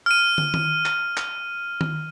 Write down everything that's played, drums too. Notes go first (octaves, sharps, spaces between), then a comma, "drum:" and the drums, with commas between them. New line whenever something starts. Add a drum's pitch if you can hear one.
F6 D#7
drum: tom
drum: tom D#3
drum: clap
drum: clap
drum: tom D#3